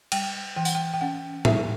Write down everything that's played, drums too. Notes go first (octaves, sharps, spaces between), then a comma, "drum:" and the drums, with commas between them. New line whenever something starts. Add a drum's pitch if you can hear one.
G3 G5, drum: cymbal
E3 G5
F#5, drum: tambourine
G5
G5
C#4 F#5
G3 E5, drum: tom A2